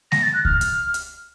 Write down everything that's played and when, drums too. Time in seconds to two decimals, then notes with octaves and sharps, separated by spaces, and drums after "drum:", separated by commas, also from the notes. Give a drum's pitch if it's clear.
0.12 A#6, drum: snare G#3
0.23 A6
0.34 F#6
0.45 F6, drum: kick C#2
0.61 drum: hi-hat
0.94 drum: hi-hat